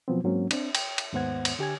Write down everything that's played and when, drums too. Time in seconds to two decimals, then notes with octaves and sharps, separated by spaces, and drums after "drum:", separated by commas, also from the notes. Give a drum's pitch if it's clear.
0.08 B2 F3 F#3 B3 C4
0.24 G#2 F#3 A#3 C4 C#4 F#4
0.51 C4 D4, drum: cymbal
0.75 G5, drum: cymbal
0.98 drum: cymbal
1.13 D#2 G#2 B3 C5 F#5 G#6
1.45 drum: cymbal
1.59 D3 G4 G#5 G#6